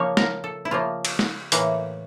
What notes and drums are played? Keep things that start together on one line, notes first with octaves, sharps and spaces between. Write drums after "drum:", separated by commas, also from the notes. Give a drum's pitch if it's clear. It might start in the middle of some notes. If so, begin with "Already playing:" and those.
Already playing: C#3 F3 A#3 C#5
A#4, drum: snare
A4
E4
C#3 F3 A#3 F4
drum: cymbal
drum: snare
A2 E3 A#3, drum: hi-hat